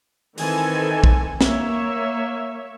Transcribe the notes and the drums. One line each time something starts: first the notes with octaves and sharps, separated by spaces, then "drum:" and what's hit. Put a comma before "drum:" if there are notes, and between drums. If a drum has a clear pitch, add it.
D#3 E3 C4 A4 G#5, drum: open hi-hat
drum: kick
A#3 C#5 E5, drum: snare